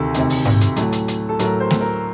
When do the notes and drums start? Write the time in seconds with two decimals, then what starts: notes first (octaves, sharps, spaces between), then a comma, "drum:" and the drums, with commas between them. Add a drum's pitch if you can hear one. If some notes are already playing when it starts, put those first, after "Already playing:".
Already playing: D2 C3 D#3 A4
0.14 D2 C3 D#3, drum: hi-hat
0.30 drum: open hi-hat
0.45 drum: tom G#2
0.61 drum: hi-hat
0.76 A2 F#3 A3, drum: hi-hat
0.92 drum: hi-hat
1.08 drum: hi-hat
1.29 A4
1.39 A2 F#3 A3 A#4, drum: hi-hat
1.60 C5
1.71 drum: snare A3
1.81 A#4